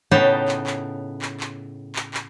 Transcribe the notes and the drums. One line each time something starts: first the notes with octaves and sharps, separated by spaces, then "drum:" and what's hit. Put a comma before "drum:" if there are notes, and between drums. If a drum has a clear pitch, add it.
A2 C#3 B3 D#4 G5 A5
drum: clap
drum: clap
drum: clap
drum: clap
drum: clap
drum: clap